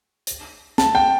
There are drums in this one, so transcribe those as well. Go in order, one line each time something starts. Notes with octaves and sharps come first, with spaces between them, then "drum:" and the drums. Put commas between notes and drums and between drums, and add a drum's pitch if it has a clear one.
drum: hi-hat
A5, drum: snare
G5